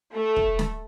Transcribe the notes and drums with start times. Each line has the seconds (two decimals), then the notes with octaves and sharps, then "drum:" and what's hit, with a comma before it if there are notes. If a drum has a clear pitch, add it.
0.14 A3
0.36 drum: kick
0.59 drum: snare